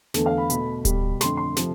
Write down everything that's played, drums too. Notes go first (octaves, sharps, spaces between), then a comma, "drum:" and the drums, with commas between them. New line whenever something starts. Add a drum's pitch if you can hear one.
E2 D3 A3 A4, drum: snare
F5
B5
B2 A3 B5, drum: hi-hat
B2 G3, drum: kick D1, hi-hat
F2 D3 A3 C6, drum: snare
C6
C3 F3 A3, drum: snare